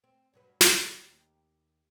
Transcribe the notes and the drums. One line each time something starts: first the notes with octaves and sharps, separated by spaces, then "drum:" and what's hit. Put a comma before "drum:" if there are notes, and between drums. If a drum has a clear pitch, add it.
C4
G2 F#3 B4
G3 C#4, drum: snare
D#2 G4